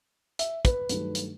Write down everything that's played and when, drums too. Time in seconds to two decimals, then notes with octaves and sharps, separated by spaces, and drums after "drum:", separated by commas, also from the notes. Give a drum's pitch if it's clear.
0.39 E5, drum: hi-hat
0.65 B4, drum: kick, hi-hat
0.89 G2 D#3 F#3 A3 D4, drum: hi-hat
1.15 drum: hi-hat